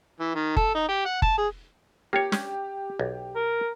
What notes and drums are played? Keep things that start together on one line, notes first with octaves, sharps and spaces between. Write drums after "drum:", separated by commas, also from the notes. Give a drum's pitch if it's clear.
E3
D#3
A4, drum: kick F#1
D#4
G4
F#5
A5, drum: kick F#1
G#4
A#3 F4 G4 C#5
C#4, drum: snare
B1
A#4